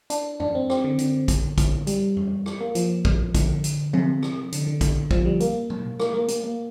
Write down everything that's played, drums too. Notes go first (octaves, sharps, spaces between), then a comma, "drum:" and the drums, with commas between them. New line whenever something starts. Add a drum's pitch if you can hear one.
D4, drum: hi-hat
D4, drum: tom F2
C4
C4, drum: rim click
D3
D3, drum: hi-hat
drum: kick, hi-hat
drum: kick, hi-hat
G3, drum: hi-hat
drum: tom F2
drum: rim click
A#3
F3, drum: hi-hat
drum: kick
D3, drum: kick, hi-hat
drum: hi-hat
C3, drum: tom F3
drum: rim click
D3, drum: hi-hat
D3
D3, drum: kick, hi-hat
F3, drum: kick
G3
A#3, drum: hi-hat
drum: tom B2
A#3, drum: rim click
A#3
A#3, drum: hi-hat
A#3